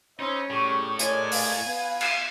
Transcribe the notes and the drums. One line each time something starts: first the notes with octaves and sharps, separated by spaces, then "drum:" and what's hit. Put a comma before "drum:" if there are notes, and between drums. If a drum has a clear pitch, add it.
C#4 D#4 C5 E5 B5
A2 G3 G#4 C#6
G#3 A#4 C#5 D5 G#5, drum: hi-hat
F5, drum: open hi-hat
B3
drum: cymbal